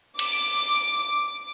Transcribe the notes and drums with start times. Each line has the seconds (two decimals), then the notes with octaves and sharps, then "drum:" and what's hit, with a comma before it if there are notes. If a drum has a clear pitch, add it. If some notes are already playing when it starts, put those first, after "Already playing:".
0.19 D6, drum: cymbal